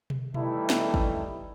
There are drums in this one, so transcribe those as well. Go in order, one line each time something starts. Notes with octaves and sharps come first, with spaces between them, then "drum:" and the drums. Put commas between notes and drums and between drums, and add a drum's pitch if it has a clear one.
drum: tom B2
E3 G3 A3 D#4 E4, drum: tom B2
drum: snare
drum: kick